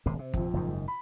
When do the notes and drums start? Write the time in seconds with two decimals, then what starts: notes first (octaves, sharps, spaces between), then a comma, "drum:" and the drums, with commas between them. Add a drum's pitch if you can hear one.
0.06 D#1 G#1 C3
0.19 C3
0.34 A#1 F2, drum: kick
0.53 F#1 G#2 D#3
0.88 B5